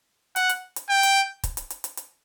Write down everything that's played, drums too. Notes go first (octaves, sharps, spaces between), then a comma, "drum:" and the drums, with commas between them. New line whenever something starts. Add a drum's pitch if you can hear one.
F#5, drum: hi-hat
drum: hi-hat
drum: hi-hat
G5
drum: hi-hat
drum: kick, hi-hat
drum: hi-hat
drum: hi-hat
drum: hi-hat
drum: hi-hat